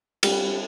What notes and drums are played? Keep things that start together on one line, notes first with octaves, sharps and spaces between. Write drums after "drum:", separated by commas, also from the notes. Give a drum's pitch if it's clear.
G3, drum: cymbal